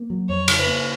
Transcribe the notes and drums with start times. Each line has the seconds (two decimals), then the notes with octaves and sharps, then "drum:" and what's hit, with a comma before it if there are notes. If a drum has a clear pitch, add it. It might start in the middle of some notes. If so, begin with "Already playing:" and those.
Already playing: A#3
0.10 F#3
0.29 F2 C#5
0.48 C#3, drum: cymbal
0.57 B4
0.67 A#3